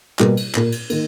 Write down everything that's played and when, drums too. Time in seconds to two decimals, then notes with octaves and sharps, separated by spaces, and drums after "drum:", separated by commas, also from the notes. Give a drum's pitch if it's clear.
0.19 B2 G3 A#3, drum: clap
0.37 drum: cymbal
0.55 A#2 A#3, drum: clap
0.72 drum: cymbal
0.90 D#3 A#3, drum: cymbal